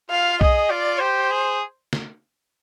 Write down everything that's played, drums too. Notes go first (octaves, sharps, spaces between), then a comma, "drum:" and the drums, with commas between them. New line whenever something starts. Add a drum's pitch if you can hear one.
F4 F5
G#4 D#5, drum: kick B1
F4 D5
G4 C5
G#4
drum: snare